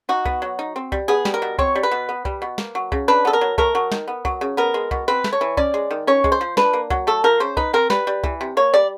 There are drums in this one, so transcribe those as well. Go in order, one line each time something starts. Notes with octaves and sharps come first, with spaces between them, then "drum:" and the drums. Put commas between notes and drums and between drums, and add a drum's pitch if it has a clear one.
D#4 F#4
B3, drum: kick C2
F#3
D#4
C4
G3, drum: kick C2
B3 G#4
G3, drum: snare
A#4
B2
C4 C#5, drum: kick C2
G3
B4
B2
B3
G3, drum: kick C2
B2
A#3, drum: snare
F#3
C#3, drum: kick C2
D4 B4
B3 A4
A#4
F#3
A3 A#4, drum: kick C2
F#3
D#3, drum: snare
B3
F#3, drum: kick C2
C#3
B3 A#4
G#3
B2, drum: kick C2
C4 B4
A3, drum: snare
C#5
E3
C#4 D5, drum: kick C2
G#3
D#3
C#4 C#5
G#3, drum: kick C2
C5
F3
D4 B4, drum: snare
A#3
F#3, drum: kick C2
A3 A4
F3 A#4
C#3 C5
D#4 B4, drum: kick C2
C4 A#4
G3 B4, drum: snare
G3
E3, drum: kick C2
C3
A#3 C#5
G3 D5